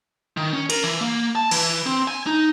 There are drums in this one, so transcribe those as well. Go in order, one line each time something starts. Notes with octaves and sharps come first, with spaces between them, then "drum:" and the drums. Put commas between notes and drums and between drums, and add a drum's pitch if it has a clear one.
D#3
C#4
A#4, drum: cymbal
E3
A#3
A5
E3, drum: cymbal
C4
G#5
D#4